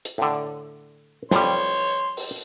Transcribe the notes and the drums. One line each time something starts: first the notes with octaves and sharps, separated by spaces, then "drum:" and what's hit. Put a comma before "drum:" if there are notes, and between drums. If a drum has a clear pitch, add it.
drum: hi-hat
A2 D3
F2 G3 C#5 C6, drum: snare
drum: open hi-hat